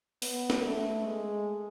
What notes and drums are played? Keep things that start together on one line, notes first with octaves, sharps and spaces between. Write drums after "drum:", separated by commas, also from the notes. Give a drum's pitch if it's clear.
B3, drum: open hi-hat
drum: snare
A3
G#3